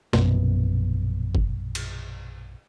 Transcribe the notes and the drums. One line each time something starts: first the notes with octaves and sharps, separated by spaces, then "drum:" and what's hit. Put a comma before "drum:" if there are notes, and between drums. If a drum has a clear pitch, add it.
A#1 F#2 B2, drum: snare
drum: kick G1
drum: cymbal